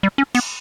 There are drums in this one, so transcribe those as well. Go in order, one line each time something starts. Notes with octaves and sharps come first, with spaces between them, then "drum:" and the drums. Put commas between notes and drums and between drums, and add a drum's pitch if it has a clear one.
G3
C#4
B3, drum: cymbal